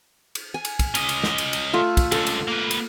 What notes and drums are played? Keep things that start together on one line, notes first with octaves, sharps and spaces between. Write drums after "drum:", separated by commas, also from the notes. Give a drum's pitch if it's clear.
drum: cymbal
G#5
drum: cymbal
drum: kick, cymbal
C#4 D#5, drum: cymbal
drum: cymbal
drum: snare
drum: cymbal
drum: cymbal
A3 F4 E5
drum: kick, cymbal
C#2 D3 A4, drum: cymbal
drum: cymbal
A#3 B4
drum: cymbal